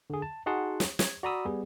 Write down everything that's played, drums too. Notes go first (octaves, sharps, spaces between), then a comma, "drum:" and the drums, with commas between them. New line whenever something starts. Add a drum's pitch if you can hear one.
D3 G#4
A5
D#4 F#4 G#4 F#5 A5 C6
drum: snare
G#6, drum: snare
F#4 D5 A#5 B5 D#6 E6
G3 B3 G#4